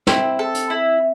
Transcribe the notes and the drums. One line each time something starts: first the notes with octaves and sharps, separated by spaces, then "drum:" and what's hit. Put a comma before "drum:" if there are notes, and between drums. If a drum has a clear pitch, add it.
C4 E4, drum: snare
A4
drum: hi-hat
E4